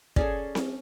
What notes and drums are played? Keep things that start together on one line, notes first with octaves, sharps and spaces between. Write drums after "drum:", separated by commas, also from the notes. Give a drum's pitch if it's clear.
C#4 G#4 A4 D5, drum: kick
drum: snare C4